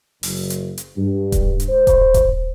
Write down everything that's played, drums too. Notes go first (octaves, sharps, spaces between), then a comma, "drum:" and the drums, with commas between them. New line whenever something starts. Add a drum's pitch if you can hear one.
F#1, drum: open hi-hat
drum: hi-hat
drum: hi-hat
G2
drum: kick D#1, hi-hat
drum: hi-hat
C5
drum: kick D#1, hi-hat
drum: kick D#1, hi-hat